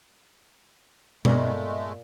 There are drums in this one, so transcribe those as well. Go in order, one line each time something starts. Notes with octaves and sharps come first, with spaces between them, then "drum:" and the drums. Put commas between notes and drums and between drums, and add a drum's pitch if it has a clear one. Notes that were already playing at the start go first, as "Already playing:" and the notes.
G2 A#2 G#3 A3 B3, drum: tom B2